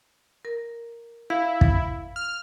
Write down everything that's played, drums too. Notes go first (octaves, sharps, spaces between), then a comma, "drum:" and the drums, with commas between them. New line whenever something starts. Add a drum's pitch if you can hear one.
A#4
E4 F5
drum: kick
F6